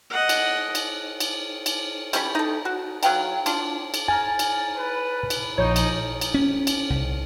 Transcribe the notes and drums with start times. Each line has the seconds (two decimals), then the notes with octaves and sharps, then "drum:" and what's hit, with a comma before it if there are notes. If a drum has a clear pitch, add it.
0.10 D#5 F#5
0.29 drum: cymbal
0.75 drum: cymbal
1.20 drum: cymbal
1.66 drum: cymbal
2.13 G3 C#4 B4 B5, drum: cymbal
2.35 D#4 A4
2.65 F#4
3.03 F#3 F5 G5 A#5, drum: cymbal
3.46 D4 F4, drum: cymbal
3.94 drum: cymbal
4.08 G#5 A#5 F6 A6
4.39 drum: cymbal
4.77 B4
5.30 drum: cymbal
5.58 A#1 F3 D#4 C#5 G6
5.76 drum: cymbal
6.21 drum: cymbal
6.34 C#4
6.67 drum: cymbal
6.90 C2